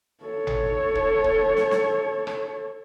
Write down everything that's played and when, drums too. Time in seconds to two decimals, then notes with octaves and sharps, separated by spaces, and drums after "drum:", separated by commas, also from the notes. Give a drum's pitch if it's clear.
0.24 A4 C#5
0.47 drum: tom G#1
0.95 drum: kick
1.24 drum: kick
1.57 drum: snare
1.71 drum: snare
2.27 drum: rim click